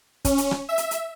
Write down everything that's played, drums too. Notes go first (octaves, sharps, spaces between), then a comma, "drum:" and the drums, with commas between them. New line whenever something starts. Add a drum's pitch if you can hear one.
C#4, drum: kick, hi-hat
drum: hi-hat
drum: rim click
E5
drum: hi-hat
drum: hi-hat